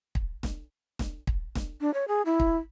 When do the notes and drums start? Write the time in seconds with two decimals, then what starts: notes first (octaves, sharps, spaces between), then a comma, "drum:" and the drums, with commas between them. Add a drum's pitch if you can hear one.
0.15 drum: kick
0.43 drum: snare E1
0.99 drum: snare E1
1.27 drum: kick
1.55 drum: snare E1
1.81 D4
1.94 C#5
2.08 G#4
2.26 E4
2.40 drum: kick